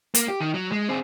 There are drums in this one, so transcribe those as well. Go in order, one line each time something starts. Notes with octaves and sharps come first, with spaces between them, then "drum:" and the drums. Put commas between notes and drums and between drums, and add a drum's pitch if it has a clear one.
A#3, drum: hi-hat
G4
D#3
F#3
G#3
C4 G#4